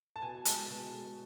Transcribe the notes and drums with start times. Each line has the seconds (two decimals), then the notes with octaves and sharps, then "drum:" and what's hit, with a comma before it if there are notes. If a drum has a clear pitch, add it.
0.16 A5
0.22 B2 G#5
0.45 G#3 A5, drum: hi-hat
0.70 B2
0.94 G#3